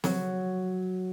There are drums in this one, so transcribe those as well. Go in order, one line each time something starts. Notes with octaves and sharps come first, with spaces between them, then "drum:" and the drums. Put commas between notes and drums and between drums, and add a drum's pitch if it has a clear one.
F#3, drum: snare C4